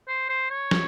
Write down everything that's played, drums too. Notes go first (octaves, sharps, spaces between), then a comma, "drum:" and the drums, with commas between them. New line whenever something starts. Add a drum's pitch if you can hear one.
C5
C5
C#5
drum: snare